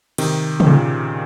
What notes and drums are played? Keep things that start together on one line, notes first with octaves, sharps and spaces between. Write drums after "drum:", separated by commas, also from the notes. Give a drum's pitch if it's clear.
C3 D#3, drum: cymbal
D#3, drum: tom
A#2 C#3